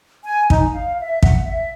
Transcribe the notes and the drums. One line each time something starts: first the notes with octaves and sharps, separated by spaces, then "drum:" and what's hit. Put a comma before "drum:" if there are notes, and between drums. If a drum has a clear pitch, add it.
G#5
D#4, drum: kick
F5
E5
F#5, drum: kick
E5